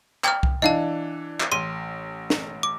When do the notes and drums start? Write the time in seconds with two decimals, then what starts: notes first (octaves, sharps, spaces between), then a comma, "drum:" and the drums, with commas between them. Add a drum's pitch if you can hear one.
0.24 G5 F6, drum: clap
0.43 drum: kick C2
0.62 E3 D4 D#5 F5 A5
1.40 drum: clap
1.52 A1 C6 D#7
2.30 drum: snare
2.63 D6